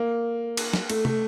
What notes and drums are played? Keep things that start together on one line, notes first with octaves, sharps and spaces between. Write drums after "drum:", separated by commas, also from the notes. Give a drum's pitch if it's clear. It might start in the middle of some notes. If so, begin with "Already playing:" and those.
Already playing: A#3
drum: cymbal
drum: snare
A3, drum: cymbal
A3, drum: tom